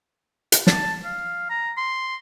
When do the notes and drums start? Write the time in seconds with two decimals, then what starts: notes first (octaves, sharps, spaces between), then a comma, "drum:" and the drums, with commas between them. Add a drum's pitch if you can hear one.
0.52 drum: hi-hat
0.67 A5, drum: snare
1.05 F5
1.50 A#5
1.77 C6